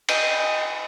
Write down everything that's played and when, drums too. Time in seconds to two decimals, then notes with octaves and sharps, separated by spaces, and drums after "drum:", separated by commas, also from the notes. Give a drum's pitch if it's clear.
0.09 D#5 G5, drum: cymbal